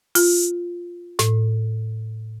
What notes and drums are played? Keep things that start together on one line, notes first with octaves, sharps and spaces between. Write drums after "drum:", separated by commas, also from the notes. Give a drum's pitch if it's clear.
F4, drum: open hi-hat
A2, drum: snare